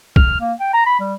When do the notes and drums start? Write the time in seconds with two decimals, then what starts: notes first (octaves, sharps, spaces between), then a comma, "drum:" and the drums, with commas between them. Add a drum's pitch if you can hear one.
0.16 F6, drum: kick
0.40 A#3
0.60 G5
0.73 A#5
0.86 B5
1.00 G3